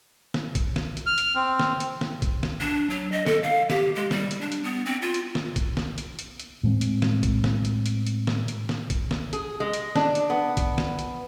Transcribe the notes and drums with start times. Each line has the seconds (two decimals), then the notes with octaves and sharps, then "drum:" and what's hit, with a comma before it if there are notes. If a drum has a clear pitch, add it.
0.34 drum: snare
0.55 drum: kick, hi-hat
0.76 drum: snare
0.97 drum: hi-hat
1.06 F6
1.18 drum: hi-hat
1.35 C4
1.59 drum: snare
1.80 drum: hi-hat
2.01 drum: snare
2.22 drum: kick, hi-hat
2.43 drum: snare
2.61 D4
2.90 F#3
3.12 D#5
3.26 A4, drum: snare
3.43 F5
3.70 G4, drum: snare
3.96 G#3
4.11 G3, drum: snare
4.31 drum: hi-hat
4.41 D4
4.52 drum: hi-hat
4.64 B3
4.86 C4
5.02 F4
5.14 drum: hi-hat
5.35 drum: snare
5.56 drum: kick, hi-hat
5.77 drum: snare
5.98 drum: hi-hat
6.19 drum: hi-hat
6.40 drum: hi-hat
6.63 A2 G#3 A3 C4
6.81 drum: hi-hat
7.02 drum: snare
7.23 drum: kick, hi-hat
7.44 drum: snare
7.65 drum: hi-hat
7.86 drum: hi-hat
8.06 drum: hi-hat
8.27 drum: snare
8.48 drum: hi-hat
8.69 drum: snare
8.90 drum: kick, hi-hat
9.11 drum: snare
9.33 G#4, drum: hi-hat
9.60 G#3
9.73 drum: hi-hat
9.96 D4, drum: snare
10.15 drum: hi-hat
10.30 B3
10.57 drum: kick, hi-hat
10.78 drum: snare
10.99 drum: hi-hat